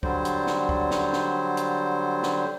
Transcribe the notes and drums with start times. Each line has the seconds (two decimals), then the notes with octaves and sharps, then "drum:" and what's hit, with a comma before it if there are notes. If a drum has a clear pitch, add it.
0.03 D3 F#3 G3 C5, drum: kick
0.25 drum: hi-hat
0.47 drum: snare
0.69 drum: kick
0.91 drum: snare
1.13 drum: snare
1.57 drum: hi-hat
2.23 drum: snare